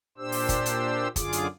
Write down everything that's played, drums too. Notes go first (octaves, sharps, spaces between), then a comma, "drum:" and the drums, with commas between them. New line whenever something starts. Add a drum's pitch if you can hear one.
A#2 D4 G4 C5 E6
drum: open hi-hat
drum: kick, hi-hat
drum: hi-hat
F#2 D3 F4 G#4 D6, drum: kick, hi-hat
drum: hi-hat